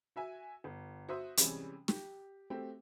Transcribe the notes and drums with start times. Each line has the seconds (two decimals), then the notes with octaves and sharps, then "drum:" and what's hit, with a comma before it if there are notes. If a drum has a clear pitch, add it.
0.16 F#4 E5 G#5
0.64 G1
1.08 F#4 C5 E5 C6 D#6
1.37 C3 E3 G3 G#3 C#4, drum: hi-hat
1.88 G4, drum: snare
2.50 A3 C4 F#4 G4